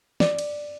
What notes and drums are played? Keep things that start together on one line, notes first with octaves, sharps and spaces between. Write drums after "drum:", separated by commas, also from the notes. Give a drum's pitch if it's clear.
D5, drum: snare
drum: cymbal